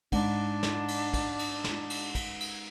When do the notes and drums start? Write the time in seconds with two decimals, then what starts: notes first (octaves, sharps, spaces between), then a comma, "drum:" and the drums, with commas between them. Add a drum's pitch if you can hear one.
0.12 G#2 D4, drum: kick, cymbal
0.63 drum: snare
0.88 drum: cymbal
1.14 drum: kick, cymbal
1.39 drum: cymbal
1.64 drum: snare
1.90 drum: cymbal
2.15 drum: kick, cymbal
2.40 drum: cymbal